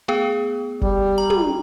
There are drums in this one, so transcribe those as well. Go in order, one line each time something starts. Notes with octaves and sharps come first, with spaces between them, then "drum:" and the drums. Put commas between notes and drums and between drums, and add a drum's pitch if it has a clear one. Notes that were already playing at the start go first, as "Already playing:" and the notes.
A3 B3 G#4
G3, drum: kick
A#5
drum: tom